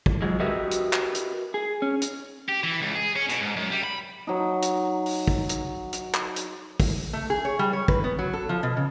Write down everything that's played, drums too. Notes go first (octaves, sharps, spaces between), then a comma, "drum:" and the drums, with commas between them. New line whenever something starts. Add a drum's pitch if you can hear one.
drum: kick
F3 F#3 G#3
F#4 G4 A#4 B4 D#5 E5
drum: hi-hat
drum: clap
drum: hi-hat
G#4
C#4
drum: hi-hat
G4
E3
C#2
G#4
C#4
B2, drum: hi-hat
G#2
F#2
G3
B5
F#3 D#4
drum: hi-hat
drum: open hi-hat
drum: kick
drum: hi-hat
drum: hi-hat
drum: clap
drum: hi-hat
drum: kick, open hi-hat
A3
G#4
C#5
G3
C#5
B4, drum: kick
B3
F#3
A4
F3
B2
C#3